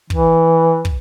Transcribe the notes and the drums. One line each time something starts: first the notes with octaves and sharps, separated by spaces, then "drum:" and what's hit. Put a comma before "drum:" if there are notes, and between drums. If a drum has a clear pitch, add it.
E3, drum: kick
drum: kick